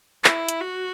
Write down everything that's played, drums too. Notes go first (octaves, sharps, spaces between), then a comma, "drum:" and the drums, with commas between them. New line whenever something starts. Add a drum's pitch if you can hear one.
E4, drum: clap
drum: hi-hat
F#4